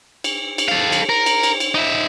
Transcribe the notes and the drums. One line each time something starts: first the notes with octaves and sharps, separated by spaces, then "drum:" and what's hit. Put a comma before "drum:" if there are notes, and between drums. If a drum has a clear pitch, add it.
drum: cymbal
drum: cymbal
A4 F5
drum: cymbal
A#4
drum: cymbal
drum: cymbal
drum: cymbal
D#4 E5